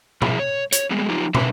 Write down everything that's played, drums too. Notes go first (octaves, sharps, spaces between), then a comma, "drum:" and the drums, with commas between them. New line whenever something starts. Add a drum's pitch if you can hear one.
A#2 F3 E4 G#4 E5, drum: tom
C#5
C#5, drum: hi-hat
G3 G#3 B3 G#4
F3 F#3 D#4 F4 G4
F#2 D3 B4 E5, drum: tom